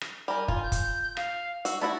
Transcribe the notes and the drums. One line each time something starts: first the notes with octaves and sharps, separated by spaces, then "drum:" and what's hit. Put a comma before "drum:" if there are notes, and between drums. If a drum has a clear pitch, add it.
drum: rim click
G3 A#4 G#5
F4, drum: kick
G6
drum: kick, hi-hat
F5, drum: rim click
F#4 E6, drum: hi-hat
A3 E4 F#4 A6